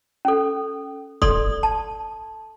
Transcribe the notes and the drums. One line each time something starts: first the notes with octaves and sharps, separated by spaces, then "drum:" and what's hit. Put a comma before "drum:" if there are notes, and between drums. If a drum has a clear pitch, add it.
C#4 A4
A4 D5 C6 D#6, drum: kick
A5